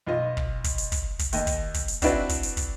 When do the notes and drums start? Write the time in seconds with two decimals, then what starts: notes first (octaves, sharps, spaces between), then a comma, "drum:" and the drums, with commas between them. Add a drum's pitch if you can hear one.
0.06 B1 F4 D#5
0.37 drum: kick
0.64 drum: kick, hi-hat
0.78 drum: hi-hat
0.92 drum: kick, hi-hat
1.19 drum: kick, hi-hat
1.33 D#2 D#5, drum: hi-hat
1.47 drum: kick, hi-hat
1.74 drum: kick, hi-hat
1.88 drum: hi-hat
2.02 C4 D4 E4 F#4 B4 D5, drum: kick, hi-hat
2.29 drum: kick, hi-hat
2.43 drum: hi-hat
2.57 drum: kick, hi-hat